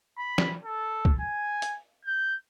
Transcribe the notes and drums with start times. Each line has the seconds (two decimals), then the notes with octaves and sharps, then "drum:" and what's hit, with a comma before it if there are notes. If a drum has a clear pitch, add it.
0.18 B5
0.38 drum: snare
0.64 A4
1.05 drum: kick
1.20 G#5
1.62 drum: hi-hat
2.05 G6